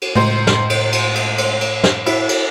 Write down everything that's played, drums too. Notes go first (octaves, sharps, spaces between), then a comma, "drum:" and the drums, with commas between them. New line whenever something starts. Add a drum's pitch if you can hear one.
drum: cymbal
C#2 A2 C5
drum: snare
drum: cymbal
drum: cymbal
drum: cymbal
drum: cymbal
drum: cymbal
drum: snare
E4, drum: cymbal
drum: cymbal